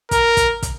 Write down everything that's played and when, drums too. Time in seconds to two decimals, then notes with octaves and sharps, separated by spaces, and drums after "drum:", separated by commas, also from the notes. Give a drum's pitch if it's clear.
0.11 A#4, drum: kick, hi-hat
0.37 drum: kick, hi-hat
0.63 drum: kick, hi-hat